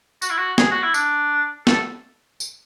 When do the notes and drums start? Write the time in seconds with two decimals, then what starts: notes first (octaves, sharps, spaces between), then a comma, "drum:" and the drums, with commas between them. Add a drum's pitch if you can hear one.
0.22 F#4, drum: tambourine
0.30 E4
0.37 F#4
0.58 G#4, drum: snare
0.71 F#4
0.83 E4
0.94 D4, drum: tambourine
1.67 A4, drum: snare
2.40 drum: tambourine